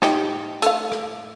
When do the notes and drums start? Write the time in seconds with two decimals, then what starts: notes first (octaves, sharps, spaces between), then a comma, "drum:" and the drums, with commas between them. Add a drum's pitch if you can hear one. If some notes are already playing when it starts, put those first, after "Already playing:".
0.02 D#4 G4 D#5, drum: snare
0.62 A3 F5, drum: hi-hat
0.92 drum: rim click